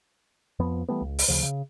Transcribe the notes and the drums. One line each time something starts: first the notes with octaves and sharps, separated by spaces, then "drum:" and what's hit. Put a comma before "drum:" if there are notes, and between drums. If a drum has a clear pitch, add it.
F2 F3 B3
E3 G3 A3 B3
C#2
drum: open hi-hat
D2 C#3 F3
C#3